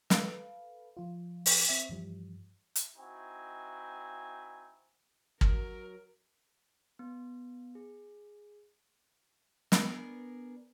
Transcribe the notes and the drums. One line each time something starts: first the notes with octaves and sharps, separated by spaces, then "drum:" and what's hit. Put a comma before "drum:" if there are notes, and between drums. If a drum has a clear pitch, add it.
A4 B4 F5, drum: snare
F3 F4
drum: open hi-hat
C4 E5
G2 E3 F3 G3
drum: hi-hat
C4 D#4 E4 F#4 G#5
F#3 A#4, drum: kick
B3
G#4
B3 D4 G#4 A#4, drum: snare